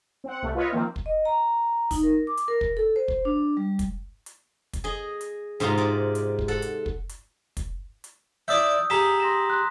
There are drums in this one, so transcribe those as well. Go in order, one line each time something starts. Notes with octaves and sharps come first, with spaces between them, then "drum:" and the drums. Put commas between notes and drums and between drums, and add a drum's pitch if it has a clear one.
C4 F#5
C2 A3
F4 B4 C#5 D#5 E5
D#3 F3 A#3 C4
drum: kick
D#5
A#5
D#4, drum: kick, open hi-hat
A#4
D6
drum: hi-hat
A#4
drum: kick
A4
C5
drum: kick
D4
G3
drum: kick, hi-hat
drum: hi-hat
drum: kick, hi-hat
G#4 D#5
drum: hi-hat
G#2 C3 D#4 F4 A#5
C3 D5
drum: hi-hat
drum: kick
A4 F#5
drum: hi-hat
drum: kick
drum: hi-hat
drum: kick, hi-hat
drum: hi-hat
E4 D5 E5 D#6 E6 G6
G4 G#4 A#5 B6 E7
C6 A#6 E7
C6 F#6